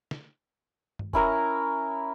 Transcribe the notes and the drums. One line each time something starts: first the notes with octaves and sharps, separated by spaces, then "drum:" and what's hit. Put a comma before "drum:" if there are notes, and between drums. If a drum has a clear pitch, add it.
drum: snare
drum: tom G2
C#4 E4 A#4 A#5, drum: kick E1